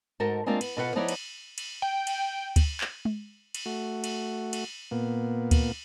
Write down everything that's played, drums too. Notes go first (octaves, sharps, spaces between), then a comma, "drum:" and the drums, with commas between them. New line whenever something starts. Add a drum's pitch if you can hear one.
G#2 F#4 A4 A#4 D#5 A5
G#3 A#3 C4 D4 F4 A#4
B3, drum: cymbal
B2 F4 A4 B4 C#5 F#5
F3 B3 D#4 E4 C#5 D5
drum: cymbal
drum: cymbal
G5
drum: cymbal
drum: kick D2, cymbal
drum: clap
drum: tom G#3
drum: cymbal
A3 F#4
drum: cymbal
drum: cymbal
A#2 A#3 B3
drum: kick D2, cymbal